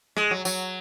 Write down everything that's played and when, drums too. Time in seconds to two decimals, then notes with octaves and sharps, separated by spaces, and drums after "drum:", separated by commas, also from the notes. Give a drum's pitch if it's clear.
0.17 G#3, drum: rim click
0.31 F#3
0.45 F#3, drum: tambourine